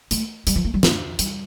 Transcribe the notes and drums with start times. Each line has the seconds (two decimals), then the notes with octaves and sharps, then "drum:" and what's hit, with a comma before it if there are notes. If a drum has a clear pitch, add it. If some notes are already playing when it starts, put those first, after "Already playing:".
0.11 A3, drum: hi-hat
0.47 G3, drum: hi-hat
0.56 F3
0.65 A3
0.74 G3
0.83 A3, drum: snare
1.19 G3, drum: hi-hat